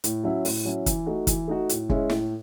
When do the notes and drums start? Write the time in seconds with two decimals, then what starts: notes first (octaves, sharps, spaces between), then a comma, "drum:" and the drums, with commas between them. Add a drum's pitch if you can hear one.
0.04 A2, drum: hi-hat
0.24 F#3 C#4 E4
0.45 A2, drum: open hi-hat
0.65 F#3 C#4 E4
0.86 E3, drum: kick, hi-hat
1.06 A3 D#4 F#4
1.27 E3, drum: kick, hi-hat
1.48 A3 D#4 F#4
1.69 A2, drum: hi-hat
1.89 G#3 C#4 E4, drum: kick
2.10 A2, drum: snare